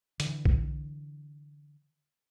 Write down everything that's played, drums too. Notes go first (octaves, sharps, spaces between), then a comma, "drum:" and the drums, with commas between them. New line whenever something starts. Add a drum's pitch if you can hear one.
D3 E3, drum: hi-hat
drum: kick B1